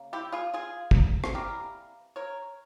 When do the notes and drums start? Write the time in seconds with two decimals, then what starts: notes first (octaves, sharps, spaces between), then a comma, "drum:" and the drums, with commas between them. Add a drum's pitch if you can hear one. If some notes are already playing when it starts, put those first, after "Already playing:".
Already playing: C#3 A#3
0.13 E4 G4
0.33 F4 G#4
0.54 F4 G#4
0.91 drum: kick
1.24 drum: rim click
1.35 C3 E3 G3 A#3 G4 A#4
2.16 A#4 C#5